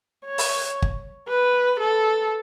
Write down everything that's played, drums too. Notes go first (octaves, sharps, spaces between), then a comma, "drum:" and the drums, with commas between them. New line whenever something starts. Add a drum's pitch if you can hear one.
C#5
drum: open hi-hat
drum: kick G1
B4
A4